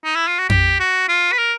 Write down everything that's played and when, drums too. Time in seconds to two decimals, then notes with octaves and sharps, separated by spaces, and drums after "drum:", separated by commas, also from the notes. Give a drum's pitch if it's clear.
0.05 D#4
0.15 E4
0.28 F4
0.39 F#4
0.50 G4, drum: tom F2
0.80 F#4
1.09 F4
1.32 B4
1.38 A#4